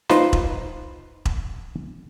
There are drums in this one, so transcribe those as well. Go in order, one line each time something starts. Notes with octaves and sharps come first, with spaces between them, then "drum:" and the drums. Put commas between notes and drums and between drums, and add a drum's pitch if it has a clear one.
D#4 F4 B4 C5, drum: snare D#4
drum: kick E1
drum: kick E1